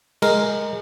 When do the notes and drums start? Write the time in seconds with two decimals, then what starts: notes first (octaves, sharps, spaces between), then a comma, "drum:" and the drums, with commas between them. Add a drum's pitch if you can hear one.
0.22 G#3 A#4, drum: cymbal